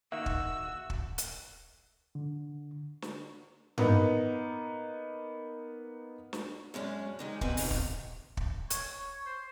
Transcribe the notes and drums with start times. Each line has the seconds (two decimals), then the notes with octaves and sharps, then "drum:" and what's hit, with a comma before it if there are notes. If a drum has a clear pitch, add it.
0.12 D#3 A#3 F#4 E5 E6
0.26 drum: kick
0.90 drum: kick
1.18 drum: hi-hat
2.15 D3
3.02 drum: snare
3.78 A#3 B3 D#4, drum: tom G2
6.33 drum: snare
6.74 F#2 G#3 C#4 D4
7.19 C3 D#3 G#3
7.41 B2 F#3 C4 F#4 B4 G#5, drum: kick
7.57 C3 D#3 F4, drum: open hi-hat
7.71 drum: kick
8.37 drum: kick
8.70 C#5, drum: hi-hat
9.26 C5